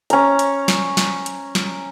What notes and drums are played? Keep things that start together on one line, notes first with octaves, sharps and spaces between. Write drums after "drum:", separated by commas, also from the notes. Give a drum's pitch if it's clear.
C#4 A#5, drum: hi-hat
drum: hi-hat
drum: snare
drum: snare
drum: hi-hat
drum: snare